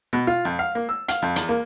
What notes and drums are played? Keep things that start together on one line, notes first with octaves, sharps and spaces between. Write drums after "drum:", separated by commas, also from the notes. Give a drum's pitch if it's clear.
B2
F4
F2
F5
A#3
E6
F5, drum: hi-hat
F2
E2, drum: hi-hat
A#3